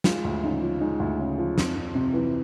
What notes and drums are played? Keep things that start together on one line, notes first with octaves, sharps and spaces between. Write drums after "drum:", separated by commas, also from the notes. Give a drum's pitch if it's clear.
G#3 F4, drum: snare
D2
C#3 D#4
F3
G#3 D#4
D2
C#3
F3
F2, drum: snare
F2
C3
E3